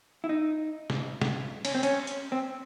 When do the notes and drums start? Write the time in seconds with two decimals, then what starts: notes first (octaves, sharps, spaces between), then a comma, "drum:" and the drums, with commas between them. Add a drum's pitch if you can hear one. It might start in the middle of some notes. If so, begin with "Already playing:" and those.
0.24 E4
0.29 D#4
0.90 drum: snare
1.21 drum: snare
1.65 C#4, drum: cymbal
1.75 C4
1.83 C#4, drum: hi-hat
2.07 drum: hi-hat
2.32 C4